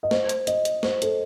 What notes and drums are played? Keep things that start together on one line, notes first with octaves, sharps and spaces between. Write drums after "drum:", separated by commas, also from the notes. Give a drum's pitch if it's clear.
D#5
C5, drum: snare
drum: hi-hat
D#5, drum: hi-hat
drum: hi-hat
C5, drum: snare
A4, drum: hi-hat